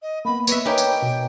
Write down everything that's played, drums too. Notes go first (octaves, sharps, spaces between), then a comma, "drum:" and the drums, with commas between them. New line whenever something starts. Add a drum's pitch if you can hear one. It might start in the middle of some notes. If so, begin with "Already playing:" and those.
D#5
A#3 B3 B5
B4 C#5 D#5 E5, drum: tambourine
A#3 D#4 G4 B4 C#5 G5 G#5
drum: tambourine
B2